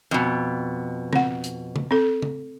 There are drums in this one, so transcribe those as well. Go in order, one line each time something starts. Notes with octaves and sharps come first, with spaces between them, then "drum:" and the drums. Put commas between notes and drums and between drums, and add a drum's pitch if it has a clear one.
F2 B2
C4 F#5, drum: tom C#3
drum: hi-hat
drum: tom C#3
C4 A4
drum: tom C#3